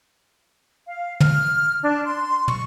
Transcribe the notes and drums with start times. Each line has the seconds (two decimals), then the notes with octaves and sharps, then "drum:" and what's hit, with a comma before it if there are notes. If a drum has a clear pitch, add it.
0.87 F5
1.20 F6, drum: tom
1.82 D4
2.04 C6
2.48 C#6, drum: tom